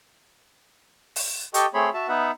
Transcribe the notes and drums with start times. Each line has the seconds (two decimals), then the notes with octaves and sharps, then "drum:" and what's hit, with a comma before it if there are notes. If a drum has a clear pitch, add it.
1.16 drum: open hi-hat
1.54 G4 A4 D#5 G5 C#6, drum: hi-hat
1.74 A3 C4 G#4 C#5 B5 C6
1.94 F#4 E5 A5
2.08 B3 D#4 B4 E5 F#5